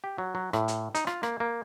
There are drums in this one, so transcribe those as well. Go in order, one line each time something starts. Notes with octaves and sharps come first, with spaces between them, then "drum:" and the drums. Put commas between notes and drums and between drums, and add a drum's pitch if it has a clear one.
G4
F#3
F#3
A2, drum: rim click
drum: hi-hat
D#4, drum: hi-hat
F4, drum: rim click
A#3, drum: rim click
A#3